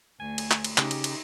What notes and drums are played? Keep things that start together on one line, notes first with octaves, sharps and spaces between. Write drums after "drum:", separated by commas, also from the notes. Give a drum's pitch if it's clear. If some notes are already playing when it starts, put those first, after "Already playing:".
D2 G#5
drum: cymbal
drum: clap
drum: cymbal
C#3 D#4 G4, drum: clap
drum: cymbal
drum: cymbal